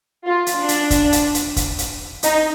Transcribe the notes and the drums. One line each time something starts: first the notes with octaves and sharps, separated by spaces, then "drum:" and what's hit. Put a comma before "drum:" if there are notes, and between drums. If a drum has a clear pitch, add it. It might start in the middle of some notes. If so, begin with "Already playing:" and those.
F4
drum: hi-hat
D4
drum: hi-hat
drum: kick, hi-hat
drum: hi-hat
drum: hi-hat
drum: kick, hi-hat
drum: hi-hat
D#4, drum: hi-hat